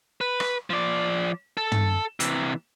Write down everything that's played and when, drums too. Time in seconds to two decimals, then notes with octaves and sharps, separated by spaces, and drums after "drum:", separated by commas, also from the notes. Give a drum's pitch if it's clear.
0.21 B4
0.40 drum: rim click
0.70 F3 D5
1.57 A4
1.72 drum: tom
2.20 C3 E3, drum: hi-hat